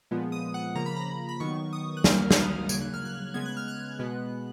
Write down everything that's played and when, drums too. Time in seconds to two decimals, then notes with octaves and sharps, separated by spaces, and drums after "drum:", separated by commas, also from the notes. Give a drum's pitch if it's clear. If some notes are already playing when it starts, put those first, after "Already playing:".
0.11 A#2 F3 G#3 B3
0.32 D#6
0.54 F#5
0.75 C#3 F3 A#3 A#5
0.86 B5
0.96 A#5
1.29 B5
1.40 D#3 F#3 B3 C#6
1.73 D#6
1.97 F#6
2.04 D#3 F#3 A#3 F6, drum: snare
2.31 D#6, drum: snare
2.37 F6
2.69 C#3 F#3 A#3 G#6, drum: tambourine
2.81 F#6
2.94 F6
3.05 F#6
3.34 C#3 G#3 B3 G#6
3.46 F#6
3.57 F6
3.68 F#6
3.99 B2 G#3 B3